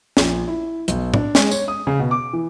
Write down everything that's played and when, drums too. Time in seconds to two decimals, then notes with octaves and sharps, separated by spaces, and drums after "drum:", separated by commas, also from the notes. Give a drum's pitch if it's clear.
0.17 A#1, drum: snare
0.48 E4
0.88 B1, drum: hi-hat
1.14 D4, drum: tom A2
1.35 G#3, drum: snare
1.51 C#5, drum: tambourine
1.68 D#6
1.87 C#3
1.99 B2
2.11 D6
2.33 E3